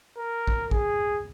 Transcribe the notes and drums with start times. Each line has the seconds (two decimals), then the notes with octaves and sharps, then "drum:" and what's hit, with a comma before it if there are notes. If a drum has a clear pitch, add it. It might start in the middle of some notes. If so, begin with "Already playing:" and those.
0.17 A#4
0.47 drum: kick
0.71 G#4, drum: kick